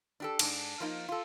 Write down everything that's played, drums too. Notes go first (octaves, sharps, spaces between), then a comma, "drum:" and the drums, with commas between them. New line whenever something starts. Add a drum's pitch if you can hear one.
D4 G4 A4
G#2 D4, drum: cymbal
F3 A#3 D#4
F4 A4